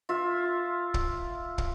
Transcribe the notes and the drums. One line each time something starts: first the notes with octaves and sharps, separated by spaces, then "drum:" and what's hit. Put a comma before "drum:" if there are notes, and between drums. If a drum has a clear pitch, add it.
F4 E5
drum: kick
drum: kick